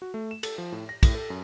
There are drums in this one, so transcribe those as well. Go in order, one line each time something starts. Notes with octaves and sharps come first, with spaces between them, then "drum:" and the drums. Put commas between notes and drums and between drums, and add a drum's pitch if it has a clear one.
F#4
A3
E7
A4, drum: cymbal
F3
A2
A#6
A2, drum: kick, cymbal
A4
F#2